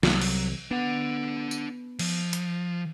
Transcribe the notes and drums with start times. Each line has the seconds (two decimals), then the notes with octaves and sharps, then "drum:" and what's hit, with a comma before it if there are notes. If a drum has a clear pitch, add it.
0.03 C2 F#3, drum: snare
0.21 drum: cymbal
0.71 B3 D4 F#5
1.51 drum: tambourine
1.99 F3, drum: cymbal
2.33 drum: hi-hat